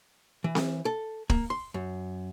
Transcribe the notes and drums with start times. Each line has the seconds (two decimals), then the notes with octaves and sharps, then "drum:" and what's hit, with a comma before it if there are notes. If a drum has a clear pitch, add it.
0.44 E3
0.55 drum: snare C4
0.85 A4
1.30 A#3, drum: kick
1.50 C6
1.74 F#2